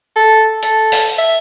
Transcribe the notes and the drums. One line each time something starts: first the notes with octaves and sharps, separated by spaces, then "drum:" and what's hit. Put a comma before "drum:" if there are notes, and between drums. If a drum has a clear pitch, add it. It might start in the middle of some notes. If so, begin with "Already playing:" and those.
A4
A4, drum: hi-hat
drum: open hi-hat
E5